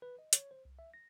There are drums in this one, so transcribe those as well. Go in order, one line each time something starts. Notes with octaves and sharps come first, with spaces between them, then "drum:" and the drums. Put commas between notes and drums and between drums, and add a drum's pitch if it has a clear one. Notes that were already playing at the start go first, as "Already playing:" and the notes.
B4
D#5
C#5, drum: hi-hat
C5
C2
E5
A#6